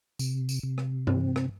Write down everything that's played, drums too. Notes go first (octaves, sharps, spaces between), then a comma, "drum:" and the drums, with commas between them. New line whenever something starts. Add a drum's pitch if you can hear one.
C3, drum: tambourine
drum: tambourine
C3
drum: rim click
C4, drum: tom G2
drum: rim click